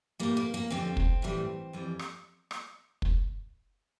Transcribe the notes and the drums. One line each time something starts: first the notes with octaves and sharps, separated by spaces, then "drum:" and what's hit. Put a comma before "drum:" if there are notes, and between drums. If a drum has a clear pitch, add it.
A2 G3 A#3
A#3
A#3
F2 D3 G3 C4
drum: kick
A2 E3 G3
F2 E3 G3
drum: rim click
drum: rim click
drum: kick